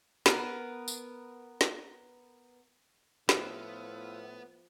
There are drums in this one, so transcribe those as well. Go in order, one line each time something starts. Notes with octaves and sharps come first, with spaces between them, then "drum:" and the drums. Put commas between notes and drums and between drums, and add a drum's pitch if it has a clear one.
B3 A#4 B4, drum: snare
drum: tambourine
drum: snare
A2 F3 B3 E4 F4, drum: snare